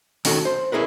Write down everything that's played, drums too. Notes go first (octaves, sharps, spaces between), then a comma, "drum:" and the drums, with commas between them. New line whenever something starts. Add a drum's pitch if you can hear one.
D#3 C#4 D#4 F#4 A4, drum: open hi-hat
C5
C#4 E4 G#4 A#4 B4